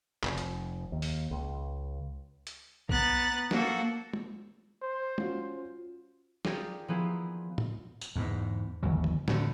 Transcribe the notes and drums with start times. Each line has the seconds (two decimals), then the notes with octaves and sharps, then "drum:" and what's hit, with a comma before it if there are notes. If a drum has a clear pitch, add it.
0.24 F1, drum: clap
0.38 drum: hi-hat
0.92 D#2
1.02 drum: open hi-hat
1.31 C#2
2.47 drum: hi-hat
2.89 B3 A#5 F#6 A6, drum: kick B1
3.51 A#3 F#4 A4, drum: snare
4.14 drum: tom
4.82 C5
5.18 C#4 F4 F#4, drum: tom
6.45 F4 G4 G#4 A#4 D5, drum: snare
6.88 F3 A#3 B3 E4 G#4
7.58 drum: tom
8.01 drum: tambourine
8.16 E2 G#2
8.83 G1 D#2 E3 F#3
9.04 drum: tom G2
9.28 A2 D3, drum: snare